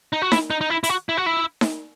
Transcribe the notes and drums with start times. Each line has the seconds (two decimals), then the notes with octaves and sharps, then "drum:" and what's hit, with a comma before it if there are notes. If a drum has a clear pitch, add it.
0.13 D#4
0.22 F#4
0.32 E4, drum: snare D#4
0.50 D#4
0.61 D#4
0.70 E4
0.84 E4, drum: hi-hat
0.89 F#4
1.09 E4
1.17 F#4
1.26 E4
1.61 drum: snare D#4